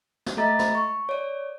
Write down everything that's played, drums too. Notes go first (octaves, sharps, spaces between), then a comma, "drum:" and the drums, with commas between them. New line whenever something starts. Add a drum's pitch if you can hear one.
drum: snare
A3 A4 D#5 E5 A#5 A6
B5, drum: snare
C#6
C#5 D5